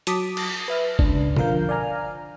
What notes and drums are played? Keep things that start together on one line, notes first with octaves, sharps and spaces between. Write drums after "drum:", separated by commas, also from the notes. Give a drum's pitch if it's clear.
F#3 A5 D6 D#6 B6, drum: hi-hat
drum: cymbal
B4 E5 F6
C#2 D4, drum: kick G1
D3 F3 A#4 F5 G6, drum: tom B2
D5 F5 G#5 A#5 F6